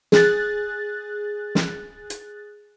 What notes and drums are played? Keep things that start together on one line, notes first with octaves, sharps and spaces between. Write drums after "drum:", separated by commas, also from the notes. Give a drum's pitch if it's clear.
G#4 F#6 A6, drum: snare
drum: snare
drum: hi-hat